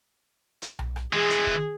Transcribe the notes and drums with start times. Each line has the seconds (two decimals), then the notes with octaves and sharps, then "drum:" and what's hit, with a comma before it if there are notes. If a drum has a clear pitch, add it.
0.62 drum: hi-hat
0.79 drum: tom B1
0.96 drum: rim click
1.13 E3 G#3 G#4
1.30 drum: hi-hat
1.47 drum: kick